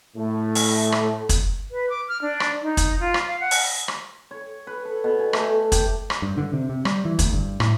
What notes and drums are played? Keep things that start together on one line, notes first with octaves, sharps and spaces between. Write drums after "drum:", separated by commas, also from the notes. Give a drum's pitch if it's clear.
A2 A3
drum: open hi-hat
drum: rim click
drum: kick, hi-hat
B4
D6
F6
D4
drum: rim click
D#4
drum: kick, hi-hat
F4
drum: rim click
F5
F#5
drum: open hi-hat
drum: rim click
C#5
B4
A4
B2
G#5
A3, drum: rim click
G4, drum: kick, hi-hat
drum: rim click
G2
D3
C3
C3
G3, drum: rim click
E3
D2, drum: kick, hi-hat
G2
A2, drum: rim click